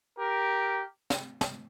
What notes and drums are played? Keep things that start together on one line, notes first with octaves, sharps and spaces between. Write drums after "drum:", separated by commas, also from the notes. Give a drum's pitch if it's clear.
G4 A#4
drum: snare
drum: snare